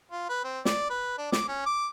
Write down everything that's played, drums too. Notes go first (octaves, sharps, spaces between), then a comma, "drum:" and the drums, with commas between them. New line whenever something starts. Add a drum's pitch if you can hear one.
F4
B4
C4
D5, drum: snare
B4
D4
D6, drum: snare
C#4
D6